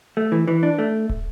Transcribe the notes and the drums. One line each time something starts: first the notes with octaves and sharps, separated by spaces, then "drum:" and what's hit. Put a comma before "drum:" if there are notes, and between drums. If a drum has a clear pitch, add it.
A3
E3
E3
D4
A3
drum: kick